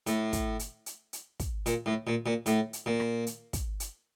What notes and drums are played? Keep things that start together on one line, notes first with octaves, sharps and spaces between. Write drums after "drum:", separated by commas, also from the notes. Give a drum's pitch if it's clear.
A2, drum: hi-hat
drum: kick, hi-hat
drum: hi-hat
drum: hi-hat
drum: hi-hat
drum: kick, hi-hat
A#2, drum: hi-hat
A2
A#2
A#2
A2, drum: hi-hat
drum: hi-hat
A#2
drum: rim click
drum: hi-hat
drum: kick, hi-hat
drum: hi-hat